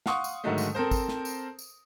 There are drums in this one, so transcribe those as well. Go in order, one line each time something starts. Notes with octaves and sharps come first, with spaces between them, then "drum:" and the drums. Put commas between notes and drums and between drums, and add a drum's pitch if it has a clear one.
F5 F#5 C6 C#6 D#6, drum: snare
drum: tambourine
G#2 D3 D#3 F#3 G#3 A3
drum: tambourine
C4 A4 A#4 C5
drum: kick, tambourine
drum: snare
drum: tambourine
drum: tambourine